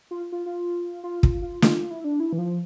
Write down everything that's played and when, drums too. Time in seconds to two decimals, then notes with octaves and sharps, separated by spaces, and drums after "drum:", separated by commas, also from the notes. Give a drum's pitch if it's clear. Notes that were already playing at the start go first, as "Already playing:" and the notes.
0.11 F4
0.32 F4
0.46 F4
1.04 F4
1.23 F4, drum: kick
1.42 F4
1.62 F4, drum: snare
1.76 F4
1.91 E4
2.04 D4
2.20 E4
2.33 E3
2.38 F3